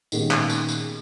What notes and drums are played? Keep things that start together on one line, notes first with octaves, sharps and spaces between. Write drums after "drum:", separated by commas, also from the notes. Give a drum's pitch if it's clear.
A#2 D#3 G#3 B3 C#4 G4, drum: tambourine
drum: clap
drum: tambourine
drum: tambourine